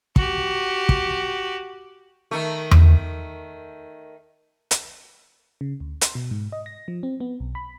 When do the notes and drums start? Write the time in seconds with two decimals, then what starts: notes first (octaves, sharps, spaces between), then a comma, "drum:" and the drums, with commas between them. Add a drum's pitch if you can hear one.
0.16 F#4 G4, drum: kick
0.89 drum: kick
2.31 D#3 A3
2.71 drum: tom E2
4.71 drum: hi-hat
5.61 C#3
5.80 D2
6.01 C6, drum: hi-hat
6.15 B2
6.31 G#2
6.52 D#5
6.66 A#6
6.88 F3
7.03 C4
7.20 B3
7.40 B1
7.55 B5